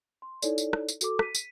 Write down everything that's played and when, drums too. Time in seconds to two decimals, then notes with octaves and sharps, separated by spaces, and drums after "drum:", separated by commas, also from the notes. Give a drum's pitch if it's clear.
0.22 C6
0.42 D#4 E4 A4 C#5 D5, drum: tambourine
0.58 drum: tambourine
0.73 drum: rim click
0.89 drum: tambourine
1.01 F#4 A4 D6, drum: tambourine
1.19 B6 D#7, drum: rim click
1.35 drum: tambourine